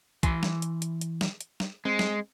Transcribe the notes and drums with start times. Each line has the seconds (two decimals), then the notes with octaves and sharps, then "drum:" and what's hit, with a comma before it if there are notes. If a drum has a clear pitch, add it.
0.23 E3 G#5 C6, drum: kick B1, hi-hat
0.43 drum: snare
0.62 drum: hi-hat
0.82 drum: hi-hat
1.01 drum: hi-hat
1.21 drum: snare
1.41 drum: hi-hat
1.60 drum: snare
1.85 G#3 C4
1.99 drum: snare